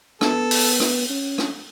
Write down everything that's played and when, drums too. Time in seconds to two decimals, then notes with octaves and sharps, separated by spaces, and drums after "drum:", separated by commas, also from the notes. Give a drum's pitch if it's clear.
0.21 B3 A4, drum: rim click
0.51 drum: open hi-hat
0.80 drum: rim click
1.09 C#4
1.38 drum: rim click